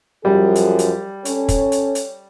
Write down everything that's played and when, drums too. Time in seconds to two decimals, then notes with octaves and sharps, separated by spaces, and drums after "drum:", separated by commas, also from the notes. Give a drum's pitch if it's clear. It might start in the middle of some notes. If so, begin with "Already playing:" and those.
0.25 F#2 F3 G3 G#4
0.55 drum: hi-hat
0.79 drum: hi-hat
1.25 C#4 A4 C#5, drum: hi-hat
1.49 drum: kick, hi-hat
1.72 drum: hi-hat
1.95 drum: hi-hat